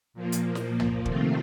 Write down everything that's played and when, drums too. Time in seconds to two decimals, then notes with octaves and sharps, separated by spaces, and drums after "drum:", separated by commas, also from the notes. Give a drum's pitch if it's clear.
0.14 A#2 F3 A#3
0.32 drum: hi-hat
0.55 drum: snare
0.80 drum: tom
1.05 C3 D#3 A3 C4 F4, drum: kick